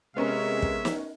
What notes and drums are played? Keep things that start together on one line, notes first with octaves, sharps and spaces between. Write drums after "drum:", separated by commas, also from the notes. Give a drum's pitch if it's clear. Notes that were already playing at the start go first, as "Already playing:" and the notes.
C3 G#3 B3 C#4 A#4 E5
drum: kick
drum: snare